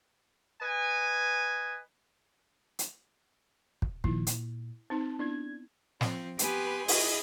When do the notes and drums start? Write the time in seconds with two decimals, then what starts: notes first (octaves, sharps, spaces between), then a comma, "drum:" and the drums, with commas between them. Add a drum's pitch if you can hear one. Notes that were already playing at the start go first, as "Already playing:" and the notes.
0.61 B4 D#5 G#5
2.79 drum: hi-hat
3.82 drum: kick
4.04 A#2 D#3 F3 E4, drum: kick
4.27 A#2, drum: hi-hat
4.90 C4 D#4 C5 A5
5.19 B3 D4 E4 G#6
6.01 F3 C4, drum: snare
6.39 B3 G4 B4 G#5 C6, drum: hi-hat
6.88 E4 G#4 D#5, drum: open hi-hat